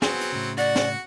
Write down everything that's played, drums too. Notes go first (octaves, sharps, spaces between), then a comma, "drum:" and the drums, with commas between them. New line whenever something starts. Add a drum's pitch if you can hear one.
F#3 B3 C4 G#4, drum: snare
drum: hi-hat
A2 C#3
F#4 D5 F#5, drum: hi-hat
drum: snare